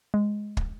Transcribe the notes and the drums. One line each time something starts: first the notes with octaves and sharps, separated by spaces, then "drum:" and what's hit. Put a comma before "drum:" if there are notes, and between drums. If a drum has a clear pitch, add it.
G#3
drum: kick